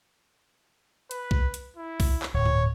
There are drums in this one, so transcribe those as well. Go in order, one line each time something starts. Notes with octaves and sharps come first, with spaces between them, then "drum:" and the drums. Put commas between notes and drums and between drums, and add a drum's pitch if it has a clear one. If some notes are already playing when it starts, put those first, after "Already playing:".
B4, drum: hi-hat
drum: kick B1
drum: hi-hat
E4
drum: kick B1, open hi-hat
drum: clap
D1 C#5
drum: tom G2